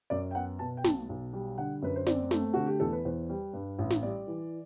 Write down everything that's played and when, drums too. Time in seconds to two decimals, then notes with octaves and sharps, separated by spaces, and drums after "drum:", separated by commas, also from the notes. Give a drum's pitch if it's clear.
0.10 F#2 D5
0.31 G5
0.35 B3 F#5
0.59 B2 A5
0.77 G5
0.84 B1 A5, drum: snare
1.09 B1
1.33 G3
1.58 D3 F#5
1.82 F#2 B4
1.96 C5
2.06 C4 D5, drum: snare
2.31 A3, drum: snare
2.54 D3 F#4
2.66 G4
2.80 E2 A4
2.93 B4
3.05 E2 C5
3.29 G3
3.53 G2
3.78 A1
3.90 drum: snare
4.03 G3 D5
4.27 E3